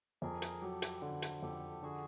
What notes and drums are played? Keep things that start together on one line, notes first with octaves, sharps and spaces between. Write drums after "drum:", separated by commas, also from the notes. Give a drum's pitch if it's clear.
F2 G#4 A#4
drum: hi-hat
F#3 G4 A4
drum: hi-hat
D3
drum: hi-hat
F2 G4 A4
D3 F#4 G#4